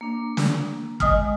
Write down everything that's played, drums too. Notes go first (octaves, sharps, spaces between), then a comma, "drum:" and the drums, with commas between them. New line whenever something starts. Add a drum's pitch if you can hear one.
A#3 D4
drum: snare
G#3 D#5 G5 G#5 D#6 F6, drum: kick